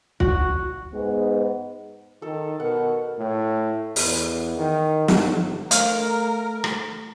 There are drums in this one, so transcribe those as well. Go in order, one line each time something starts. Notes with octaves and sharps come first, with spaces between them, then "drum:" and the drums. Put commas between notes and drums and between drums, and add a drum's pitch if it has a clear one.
F#4, drum: kick
G#2 G#3 B3
D#3 A4
B2 A#4 F#5
A2
E2, drum: open hi-hat
D#3
G1, drum: snare
A3 A#4 F5, drum: hi-hat
drum: rim click